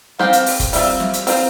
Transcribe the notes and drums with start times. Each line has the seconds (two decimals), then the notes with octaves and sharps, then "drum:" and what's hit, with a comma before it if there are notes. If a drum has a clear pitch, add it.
0.19 C4 G4 C5 F5, drum: snare
0.33 drum: hi-hat
0.46 drum: open hi-hat
0.60 drum: kick F1, hi-hat
0.73 G3 C4 F4 E5, drum: open hi-hat
1.00 drum: snare
1.13 drum: hi-hat
1.27 C4 F4 C5, drum: open hi-hat